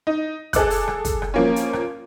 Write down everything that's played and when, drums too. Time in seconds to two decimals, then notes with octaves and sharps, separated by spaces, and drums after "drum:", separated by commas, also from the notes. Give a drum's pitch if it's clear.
0.07 D#4
0.53 G#4 A4 D6 F#6, drum: kick, hi-hat
0.70 drum: open hi-hat
0.88 drum: rim click
1.05 drum: kick, hi-hat
1.22 drum: rim click
1.34 F3 A#3 C#4
1.56 drum: hi-hat
1.73 drum: rim click